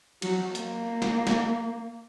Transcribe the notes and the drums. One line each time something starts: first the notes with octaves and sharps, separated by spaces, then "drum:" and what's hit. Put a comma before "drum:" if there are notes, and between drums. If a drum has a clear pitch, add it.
F#3, drum: cymbal
A#3, drum: hi-hat
drum: snare
drum: snare